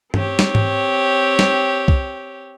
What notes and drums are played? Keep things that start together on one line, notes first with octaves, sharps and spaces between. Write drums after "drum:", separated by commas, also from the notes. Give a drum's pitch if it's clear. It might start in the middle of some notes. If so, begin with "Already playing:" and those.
C4 G4 C#5, drum: tom G2
drum: snare
drum: tom G#2
drum: snare
drum: kick